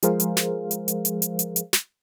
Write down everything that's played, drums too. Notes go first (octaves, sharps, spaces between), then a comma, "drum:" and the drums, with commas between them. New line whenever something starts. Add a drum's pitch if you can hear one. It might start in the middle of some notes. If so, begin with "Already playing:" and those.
F3 G#3 G#4 A#4 C5 F5, drum: hi-hat
drum: hi-hat
drum: snare
drum: hi-hat
drum: hi-hat
drum: hi-hat
drum: hi-hat
drum: hi-hat
drum: hi-hat
drum: snare